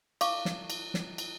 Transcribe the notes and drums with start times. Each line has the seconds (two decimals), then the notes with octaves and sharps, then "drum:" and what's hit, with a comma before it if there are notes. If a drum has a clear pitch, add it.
0.21 F5 C#6 D6, drum: cymbal
0.45 drum: snare
0.70 drum: cymbal
0.94 drum: snare
1.18 drum: cymbal